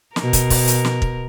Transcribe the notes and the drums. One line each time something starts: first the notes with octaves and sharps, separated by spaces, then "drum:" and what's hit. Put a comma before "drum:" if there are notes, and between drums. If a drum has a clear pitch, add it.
B2 A#4, drum: snare
drum: kick, hi-hat
drum: kick, open hi-hat
drum: hi-hat
drum: snare
drum: kick